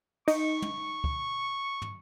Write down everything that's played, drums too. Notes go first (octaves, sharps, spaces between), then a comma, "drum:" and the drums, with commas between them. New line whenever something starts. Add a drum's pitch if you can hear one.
D#4 C#6, drum: cymbal
drum: tom
drum: kick
drum: tom